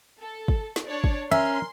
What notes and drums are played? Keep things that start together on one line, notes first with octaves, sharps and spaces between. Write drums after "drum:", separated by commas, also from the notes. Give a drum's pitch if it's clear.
A4
drum: kick
drum: snare
D4 C#5 D5
drum: kick
C#4 A#4 E5 C6